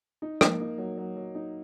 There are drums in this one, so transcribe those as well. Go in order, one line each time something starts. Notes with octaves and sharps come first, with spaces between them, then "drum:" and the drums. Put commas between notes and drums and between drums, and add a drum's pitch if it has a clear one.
D#4
A#3, drum: rim click
D#4
F#3
F#3
F#3
D#4